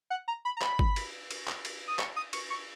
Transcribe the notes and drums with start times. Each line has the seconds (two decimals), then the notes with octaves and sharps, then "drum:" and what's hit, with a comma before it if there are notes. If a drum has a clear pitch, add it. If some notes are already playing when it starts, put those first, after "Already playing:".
0.10 F#5
0.28 A#5
0.45 B5
0.57 A#5
0.62 B5, drum: clap
0.79 drum: kick G1
0.96 drum: cymbal
1.31 drum: cymbal
1.48 drum: clap
1.65 drum: cymbal
1.88 D#6
1.99 C#6, drum: clap
2.16 D#6
2.33 C#6, drum: cymbal
2.50 C#6